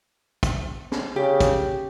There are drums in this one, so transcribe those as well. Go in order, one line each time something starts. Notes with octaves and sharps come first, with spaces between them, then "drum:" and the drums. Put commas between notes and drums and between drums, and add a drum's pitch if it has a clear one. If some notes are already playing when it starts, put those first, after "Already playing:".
drum: kick, hi-hat
drum: snare
C#3 G4
drum: kick, hi-hat